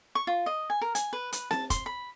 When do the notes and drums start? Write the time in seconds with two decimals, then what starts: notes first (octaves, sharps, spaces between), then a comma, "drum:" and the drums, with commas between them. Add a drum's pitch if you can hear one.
0.15 C#6
0.27 F4
0.46 D#5
0.70 G#5
0.82 A#4
0.95 G#5, drum: hi-hat
1.13 B4
1.33 B4, drum: hi-hat
1.51 A5, drum: snare C4
1.70 C6, drum: kick, hi-hat
1.86 B5